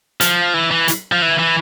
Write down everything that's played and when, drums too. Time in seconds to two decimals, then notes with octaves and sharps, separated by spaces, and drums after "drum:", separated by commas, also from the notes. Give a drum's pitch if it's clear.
0.21 F3, drum: hi-hat
0.54 E3
0.71 E3
0.88 drum: hi-hat
1.12 F3
1.22 E3
1.39 E3